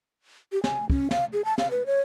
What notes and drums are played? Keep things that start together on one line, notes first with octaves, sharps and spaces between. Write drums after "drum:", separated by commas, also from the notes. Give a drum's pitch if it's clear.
G4
G#5, drum: snare
C#4, drum: kick
F5, drum: snare
G#4
A5
F5, drum: snare
B4
C#5